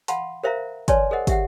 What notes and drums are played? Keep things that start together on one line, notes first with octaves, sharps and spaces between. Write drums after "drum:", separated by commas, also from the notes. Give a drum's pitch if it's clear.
F5 F#5 A5 B5 C6, drum: hi-hat
A#4 C5 E5 F5 A#5
B4 C#5 D5 G#5 A5 C6, drum: kick, hi-hat
G#4 A#4 C5 D#5 F#5
G4 E5 F#5, drum: kick, hi-hat